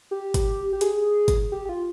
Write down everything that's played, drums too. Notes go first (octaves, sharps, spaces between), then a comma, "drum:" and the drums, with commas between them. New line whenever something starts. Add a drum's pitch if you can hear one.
G4
drum: kick, hi-hat
G4
G#4, drum: hi-hat
drum: kick, hi-hat
G4
G4
F4